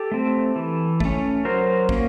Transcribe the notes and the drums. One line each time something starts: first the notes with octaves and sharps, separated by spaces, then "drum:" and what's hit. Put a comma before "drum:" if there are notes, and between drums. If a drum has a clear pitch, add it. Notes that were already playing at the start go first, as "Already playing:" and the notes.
Already playing: G4 A4
A3 C4
E3
A3 C#4, drum: kick
F#3 A#4 C5
A#3 C#4, drum: kick